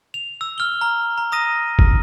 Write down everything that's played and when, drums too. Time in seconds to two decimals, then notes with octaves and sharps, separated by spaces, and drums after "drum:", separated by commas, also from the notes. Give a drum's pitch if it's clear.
0.14 F7
0.41 E6
0.58 F6 G7
0.81 A#5
1.18 A#5
1.32 A#5 D#6 A#6 D#7
1.79 drum: kick